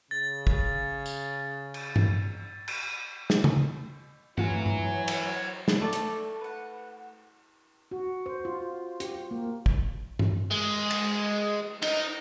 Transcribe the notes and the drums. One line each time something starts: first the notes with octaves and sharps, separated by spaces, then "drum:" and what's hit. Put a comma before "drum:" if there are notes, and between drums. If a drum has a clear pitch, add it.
C#3 A6
drum: kick
drum: tambourine
drum: cymbal
drum: tom G2
drum: cymbal
drum: snare
drum: tom C#3
E3 F#3 A3 F4 C#5 F#5 G#5, drum: tom G2
drum: tom G2
drum: cymbal
drum: snare
A3 A4 D5 A5
drum: hi-hat
B4 F#5
F#4
C5
F4
G4, drum: hi-hat
A#3
drum: kick
drum: tom G2
G#3
drum: cymbal
D#4 D#5, drum: cymbal